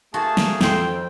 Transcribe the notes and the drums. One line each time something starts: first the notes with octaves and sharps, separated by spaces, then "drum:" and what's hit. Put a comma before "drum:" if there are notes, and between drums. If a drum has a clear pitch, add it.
A3 A#3 F#4 G#4 A5
drum: snare
F2 A4 C5 G5, drum: snare